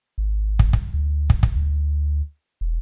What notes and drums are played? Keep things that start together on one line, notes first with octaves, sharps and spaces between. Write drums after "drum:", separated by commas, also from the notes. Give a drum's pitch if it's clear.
G#1
drum: kick
drum: kick
D2
drum: kick
drum: kick
D2
E1